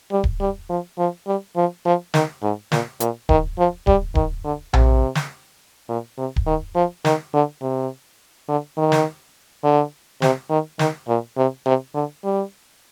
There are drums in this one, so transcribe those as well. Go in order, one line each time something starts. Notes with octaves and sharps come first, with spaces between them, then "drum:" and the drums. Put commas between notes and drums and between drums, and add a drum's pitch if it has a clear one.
G3
drum: kick D1
G3
F3
F3
G3
F3
F3
D#3, drum: snare
G#2
A#2, drum: snare
A#2, drum: hi-hat
D#3, drum: kick D1
F3
G3, drum: kick D1
D#3, drum: kick D1
D3
C3, drum: tom A#1
drum: snare
A#2
C3
drum: kick D1
D#3
F3
D#3, drum: snare
D3
C3
D3
D#3
drum: snare
D3
C3, drum: snare
D#3
D#3, drum: snare
A#2
C3
C3
D3
G3